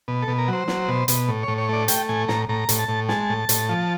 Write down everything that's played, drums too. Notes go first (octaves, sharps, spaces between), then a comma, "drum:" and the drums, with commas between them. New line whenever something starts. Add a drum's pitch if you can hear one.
B2
A4
B2
A#4
F#3
C5
F#3, drum: snare
B2
B2, drum: hi-hat
A2
A2 C#5
C#5
A3 D5
A3 G5, drum: hi-hat
A2 G#5
A2 A#5, drum: snare
A2 A#5
A2, drum: hi-hat
A5
A2
G#3 A5, drum: snare
A2
A2, drum: hi-hat
F3